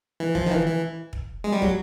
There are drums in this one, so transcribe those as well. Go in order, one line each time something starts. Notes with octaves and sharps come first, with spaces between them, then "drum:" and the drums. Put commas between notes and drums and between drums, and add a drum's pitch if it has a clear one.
E3
F3, drum: kick
D#3
E3
E3
drum: kick
G#3
G3
F#3, drum: kick